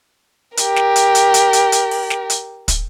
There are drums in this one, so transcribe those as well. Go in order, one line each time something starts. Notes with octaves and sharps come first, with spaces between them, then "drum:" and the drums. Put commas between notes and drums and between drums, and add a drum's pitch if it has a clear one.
G4 A#4, drum: hi-hat
drum: snare
drum: hi-hat
drum: hi-hat
drum: hi-hat
drum: hi-hat
drum: hi-hat
drum: open hi-hat
drum: snare
drum: hi-hat
drum: kick, hi-hat